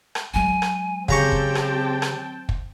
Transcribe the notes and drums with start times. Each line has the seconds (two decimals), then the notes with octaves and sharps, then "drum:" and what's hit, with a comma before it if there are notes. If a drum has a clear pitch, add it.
0.15 drum: rim click
0.34 F#3 G#3 G#5
0.62 drum: rim click
1.09 C#3 C4 G4 G5 A5 A#5 C#6, drum: kick
1.32 drum: kick
1.55 drum: rim click
2.02 drum: rim click
2.49 drum: kick